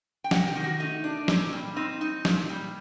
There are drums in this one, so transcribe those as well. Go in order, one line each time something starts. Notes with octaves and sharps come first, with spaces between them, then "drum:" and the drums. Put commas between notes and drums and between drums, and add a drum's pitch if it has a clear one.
G5
C3 F#5, drum: snare
G4
D#3
F#4
A3 D#4
D4
A#2, drum: snare
G3
C4 D#4
D#4
A#2, drum: snare
G3